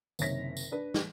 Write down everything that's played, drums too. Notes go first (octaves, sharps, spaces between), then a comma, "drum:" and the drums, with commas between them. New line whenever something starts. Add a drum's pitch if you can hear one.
F#1 C3 D#3 C#5 A#6 B6, drum: tambourine
drum: tambourine
D4 B4
drum: snare